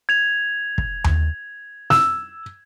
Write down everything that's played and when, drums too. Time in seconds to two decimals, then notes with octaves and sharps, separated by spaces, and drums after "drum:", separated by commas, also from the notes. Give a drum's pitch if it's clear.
0.09 G#6 F7
0.78 drum: kick
1.04 drum: tom D#2
1.90 E6, drum: snare